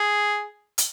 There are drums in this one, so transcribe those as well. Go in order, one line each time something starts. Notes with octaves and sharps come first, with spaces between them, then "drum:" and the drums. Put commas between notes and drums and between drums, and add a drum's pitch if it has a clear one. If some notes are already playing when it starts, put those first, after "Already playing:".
Already playing: G#4
drum: hi-hat